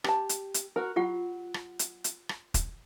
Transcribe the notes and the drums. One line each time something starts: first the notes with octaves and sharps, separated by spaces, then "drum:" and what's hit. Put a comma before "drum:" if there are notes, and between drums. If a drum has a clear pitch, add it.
G4 A5, drum: rim click
drum: hi-hat
drum: hi-hat
F#4 A#4
F#3 F4 G4 F#5
drum: rim click
drum: hi-hat
drum: hi-hat
drum: rim click
drum: kick, hi-hat